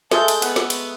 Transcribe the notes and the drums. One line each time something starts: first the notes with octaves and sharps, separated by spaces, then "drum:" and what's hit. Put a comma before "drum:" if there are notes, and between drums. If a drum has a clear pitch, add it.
G#3 A3 A5 G6, drum: snare
drum: cymbal
B3 F#5, drum: cymbal
drum: snare
drum: cymbal